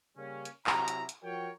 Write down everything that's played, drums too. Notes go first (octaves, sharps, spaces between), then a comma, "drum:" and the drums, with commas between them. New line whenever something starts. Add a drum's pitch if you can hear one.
C#3 G3 A#3 C#4
drum: hi-hat
C3 F#3 E4 E5 A#5, drum: clap
drum: hi-hat
drum: hi-hat
F3 F#4 A#4 C#5 G5